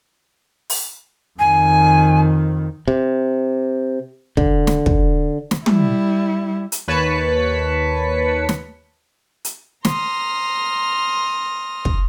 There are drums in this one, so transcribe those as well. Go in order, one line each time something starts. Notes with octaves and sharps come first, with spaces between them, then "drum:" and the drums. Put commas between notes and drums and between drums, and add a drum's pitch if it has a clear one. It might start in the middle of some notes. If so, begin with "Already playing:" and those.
drum: open hi-hat
F2 D#3 G#5
C3
D3, drum: kick
drum: snare
drum: kick
drum: snare
G3 E4, drum: tom
drum: hi-hat
D#2 B4 C#5 A5 B6 C#7
drum: snare
drum: hi-hat
A#5 C6 D#6 F6, drum: snare
drum: kick